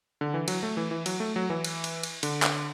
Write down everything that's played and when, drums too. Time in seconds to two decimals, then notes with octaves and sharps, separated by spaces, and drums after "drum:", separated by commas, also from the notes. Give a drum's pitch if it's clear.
0.21 D3
0.34 E3
0.48 F#3, drum: cymbal
0.63 A3
0.77 E3
0.91 E3
1.06 F#3, drum: cymbal
1.20 A3
1.36 F#3
1.50 E3
1.64 drum: cymbal
1.84 drum: cymbal
2.03 drum: cymbal
2.23 D3, drum: cymbal
2.42 drum: clap